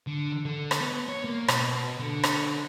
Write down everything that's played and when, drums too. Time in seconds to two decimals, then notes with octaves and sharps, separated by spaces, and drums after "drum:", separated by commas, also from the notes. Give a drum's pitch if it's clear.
0.07 D3
0.45 D3
0.71 drum: rim click
0.81 B3
1.09 C#5
1.25 A#3
1.48 B2, drum: rim click
2.00 D3
2.23 drum: rim click